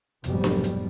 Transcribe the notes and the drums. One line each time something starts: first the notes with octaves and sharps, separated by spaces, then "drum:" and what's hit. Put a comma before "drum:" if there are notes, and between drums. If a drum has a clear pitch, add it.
F1 F2 G#2 B2 F#3 G3, drum: hi-hat
drum: snare D4
drum: hi-hat